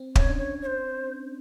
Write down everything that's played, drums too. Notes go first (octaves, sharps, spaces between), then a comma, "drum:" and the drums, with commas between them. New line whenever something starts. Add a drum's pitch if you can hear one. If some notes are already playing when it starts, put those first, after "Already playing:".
Already playing: C4
C#4 C#5, drum: kick
D4
C#5
C#5
C5